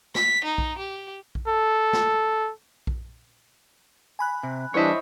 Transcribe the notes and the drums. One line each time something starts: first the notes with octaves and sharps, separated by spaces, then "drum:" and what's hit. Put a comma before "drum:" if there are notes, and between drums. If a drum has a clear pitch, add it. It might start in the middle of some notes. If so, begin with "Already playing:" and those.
B6, drum: snare
D#4
drum: kick A#1
G4
drum: kick A#1
A4
drum: snare
drum: kick A#1
G#5 B5 F#6
C3
E3 G3 D4 E4 C5 C#5 D#5 E5